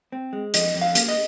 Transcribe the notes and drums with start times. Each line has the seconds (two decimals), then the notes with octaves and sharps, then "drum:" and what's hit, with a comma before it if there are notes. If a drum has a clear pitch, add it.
0.12 C4
0.33 G#3
0.54 F2 D#5, drum: hi-hat
0.75 F2
0.81 F5
0.95 A#3, drum: hi-hat
1.08 D#5